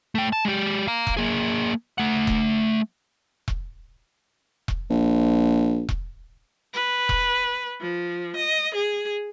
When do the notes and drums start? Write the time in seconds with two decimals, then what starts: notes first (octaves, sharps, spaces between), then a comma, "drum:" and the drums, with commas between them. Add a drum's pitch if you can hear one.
0.15 A3 G5
0.33 A5
0.45 G#3 G4
0.87 F5 A#5
1.07 drum: kick E1
1.17 A#3 G#4
1.98 A3 F#5
2.27 drum: kick E1
3.48 drum: kick E1
4.68 drum: kick E1
4.90 A#1
5.89 drum: kick E1
6.73 B4
7.09 drum: kick E1
7.81 F3
8.36 D#5
8.75 G#4